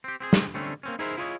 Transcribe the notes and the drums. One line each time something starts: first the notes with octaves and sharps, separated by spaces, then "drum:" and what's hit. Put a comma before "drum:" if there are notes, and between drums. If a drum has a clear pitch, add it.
C4 G4
C4 G4 G#4
drum: snare
D3 G3 A3 C4 C#4
A#3 C4 C#4
D#4 E4 G#4 A#4 C5 E5
E4 F4 G#4 C5 C#5 D#5